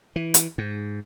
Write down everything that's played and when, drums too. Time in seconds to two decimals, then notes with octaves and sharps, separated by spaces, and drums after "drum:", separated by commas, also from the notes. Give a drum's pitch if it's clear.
0.16 E3
0.34 drum: hi-hat
0.58 G#2